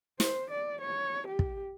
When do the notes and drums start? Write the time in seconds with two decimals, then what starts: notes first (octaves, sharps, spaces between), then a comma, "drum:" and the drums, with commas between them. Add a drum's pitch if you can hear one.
0.20 C5, drum: snare
0.50 D5
0.81 C#5
1.27 G4
1.39 drum: kick